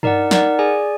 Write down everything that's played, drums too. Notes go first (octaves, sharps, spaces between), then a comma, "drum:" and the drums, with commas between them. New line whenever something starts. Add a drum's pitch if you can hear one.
D#4 A#4 D5 F#5, drum: tom G2
D#4 A#4 D5 F#5, drum: snare
G#4 D5 G#5